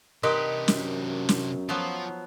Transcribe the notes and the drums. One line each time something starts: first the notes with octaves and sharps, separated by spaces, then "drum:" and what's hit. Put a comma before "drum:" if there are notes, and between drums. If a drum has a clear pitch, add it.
C3 D4 D#4 G4 A#4 B4 C6
F#2, drum: snare
drum: snare
F3 F#3 B3 F4 C5